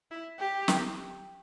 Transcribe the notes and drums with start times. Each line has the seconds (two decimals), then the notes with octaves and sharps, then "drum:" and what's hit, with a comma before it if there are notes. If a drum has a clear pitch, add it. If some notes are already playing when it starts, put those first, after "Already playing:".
0.11 E4
0.39 G4
0.68 drum: snare